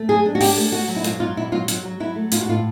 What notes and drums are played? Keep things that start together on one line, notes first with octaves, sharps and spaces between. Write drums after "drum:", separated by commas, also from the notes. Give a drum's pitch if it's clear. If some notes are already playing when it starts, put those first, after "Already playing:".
Already playing: A3
F#3 G#4
D4
F#4
D4 G4, drum: open hi-hat
A3
A3 F#4
F#3
E4
A#2 F4, drum: hi-hat
F#3 F4
A#2 E4
F#3 F4
F#3 F4, drum: hi-hat
F#3
F#3 E4
A3
A2 F4, drum: hi-hat
F#4
A2 F4